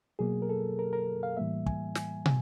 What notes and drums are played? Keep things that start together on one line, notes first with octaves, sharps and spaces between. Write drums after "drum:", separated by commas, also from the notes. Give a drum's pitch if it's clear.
B2 F#3 A#3 G#4
A#4
A4
A#4
A#4
F5
A2 E3 G3 A#3 E5
G#5, drum: kick
G#5, drum: snare
G#5, drum: tom